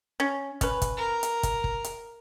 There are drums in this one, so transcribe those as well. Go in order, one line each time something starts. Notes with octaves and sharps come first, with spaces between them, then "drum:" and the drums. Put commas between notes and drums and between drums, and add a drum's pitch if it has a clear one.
C#4
C#4 B4, drum: kick, hi-hat
drum: kick, hi-hat
A#4
drum: hi-hat
drum: kick, hi-hat
drum: kick
drum: hi-hat